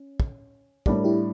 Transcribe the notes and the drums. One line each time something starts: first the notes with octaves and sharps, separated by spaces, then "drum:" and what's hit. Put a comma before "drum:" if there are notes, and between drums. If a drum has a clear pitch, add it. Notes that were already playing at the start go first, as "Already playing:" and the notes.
Already playing: C#4
drum: kick
A2 G3 D4 G4 A#4, drum: kick
E4 G4